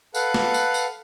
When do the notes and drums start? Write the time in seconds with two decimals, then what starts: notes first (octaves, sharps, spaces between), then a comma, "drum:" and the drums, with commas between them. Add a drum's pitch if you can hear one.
0.15 A4 B4 F5 F#5, drum: tambourine
0.34 drum: snare
0.54 drum: tambourine
0.74 drum: tambourine